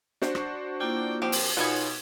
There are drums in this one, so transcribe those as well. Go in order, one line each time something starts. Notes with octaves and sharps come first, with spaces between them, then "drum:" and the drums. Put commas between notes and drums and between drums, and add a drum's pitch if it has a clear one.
D4 F#4 C5 C#6, drum: snare
drum: rim click
A#3 E4 F4 D5 G5
F3 C4 G4
drum: open hi-hat
B2 D#4 F4 G#4 B4 C#5 F#5 G#6